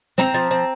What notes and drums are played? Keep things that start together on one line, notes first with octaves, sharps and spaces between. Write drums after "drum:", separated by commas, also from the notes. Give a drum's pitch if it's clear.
C4 A#5, drum: snare
F3
C4